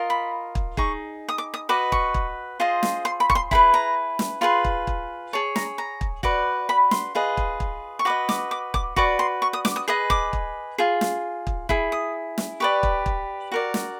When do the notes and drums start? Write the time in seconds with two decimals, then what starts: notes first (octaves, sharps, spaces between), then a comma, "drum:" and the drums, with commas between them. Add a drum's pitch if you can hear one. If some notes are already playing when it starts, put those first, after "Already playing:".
Already playing: F4 A#4 D#5
0.10 B5
0.55 drum: kick
0.77 D#4 G#4 C#6, drum: kick
1.29 D#6
1.38 D6
1.54 D#6
1.69 F#4 B4 D#5 D6
1.92 C#6, drum: kick
2.14 drum: kick
2.60 F4 G#4 C5 D#5
2.83 drum: snare
3.05 C6
3.20 B5
3.30 C#6, drum: kick
3.35 C6
3.51 E4 G#4 B4 B5, drum: kick
3.74 A#5
4.19 drum: snare
4.41 F4 G#4 B4 C6
4.65 drum: kick
4.87 drum: kick
5.33 G#4 C#5 A5
5.56 A#5, drum: snare
5.78 A#5
6.01 drum: kick
6.23 F#4 B4 D5, drum: kick
6.69 B5
6.91 C6, drum: snare
7.15 F4 G#4 B4 D#5
7.37 drum: kick
7.60 drum: kick
7.99 C#6
8.05 F#4 B4 D#5 D6
8.29 D6, drum: snare
8.51 D6
8.74 D6, drum: kick
8.96 F#4 B4 D5 C#6, drum: kick
9.19 C6
9.42 C#6
9.53 D#6
9.65 D6, drum: snare
9.76 D#6
9.88 G#4 B4 D#5 D#6
10.10 D6, drum: kick
10.33 drum: kick
10.78 F4 G#4
11.01 drum: snare
11.47 drum: kick
11.69 E4 G#4, drum: kick
11.92 D#6
12.38 drum: snare
12.60 G4 B4 D5 C#6
12.83 drum: kick
13.06 drum: kick
13.52 F#4 A#4 D5
13.74 drum: snare